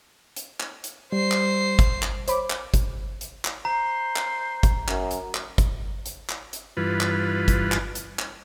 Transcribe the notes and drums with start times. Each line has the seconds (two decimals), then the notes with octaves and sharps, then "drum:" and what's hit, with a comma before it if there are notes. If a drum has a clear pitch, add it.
0.36 drum: hi-hat
0.60 drum: clap
0.84 drum: hi-hat
1.12 G3 C5 C7
1.31 drum: clap
1.79 drum: kick, hi-hat
2.02 drum: clap
2.28 C5 C#5 B5 D6, drum: hi-hat
2.50 drum: clap
2.74 drum: kick, hi-hat
3.21 drum: hi-hat
3.45 drum: clap
3.65 C5 A#5
4.16 drum: clap
4.63 drum: kick, hi-hat
4.88 F#2, drum: clap
5.11 drum: hi-hat
5.34 drum: clap
5.58 drum: kick, hi-hat
6.06 drum: hi-hat
6.29 drum: clap
6.53 drum: hi-hat
6.77 G2 E3 F4 B4
7.00 drum: clap
7.48 drum: kick, hi-hat
7.72 drum: clap
7.95 drum: hi-hat
8.19 drum: clap